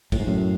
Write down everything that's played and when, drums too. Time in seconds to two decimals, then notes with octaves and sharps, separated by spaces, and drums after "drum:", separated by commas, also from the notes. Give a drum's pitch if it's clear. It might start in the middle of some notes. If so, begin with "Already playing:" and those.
0.12 A2, drum: kick, cymbal
0.20 G#2
0.27 F#2 A2